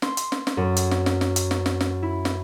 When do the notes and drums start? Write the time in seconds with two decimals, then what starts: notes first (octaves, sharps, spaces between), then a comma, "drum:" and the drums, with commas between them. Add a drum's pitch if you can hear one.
0.02 C6, drum: snare
0.17 drum: hi-hat
0.32 drum: snare
0.47 drum: snare
0.57 F#2
0.77 drum: hi-hat
0.91 drum: snare
1.06 drum: snare
1.21 drum: snare
1.36 drum: hi-hat
1.51 drum: snare
1.66 drum: snare
1.81 drum: snare
2.03 E4
2.25 drum: snare